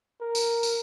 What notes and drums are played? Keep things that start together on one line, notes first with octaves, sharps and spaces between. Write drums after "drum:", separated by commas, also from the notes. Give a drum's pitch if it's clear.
A#4
drum: tambourine
drum: tambourine